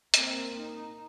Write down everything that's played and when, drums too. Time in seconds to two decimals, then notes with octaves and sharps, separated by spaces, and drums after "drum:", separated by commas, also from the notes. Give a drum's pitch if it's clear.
0.14 A#3 C4, drum: hi-hat
0.58 D#4